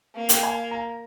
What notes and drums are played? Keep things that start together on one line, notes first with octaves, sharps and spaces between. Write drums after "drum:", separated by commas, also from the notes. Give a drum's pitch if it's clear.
A#3
G5, drum: hi-hat
G#5
A#5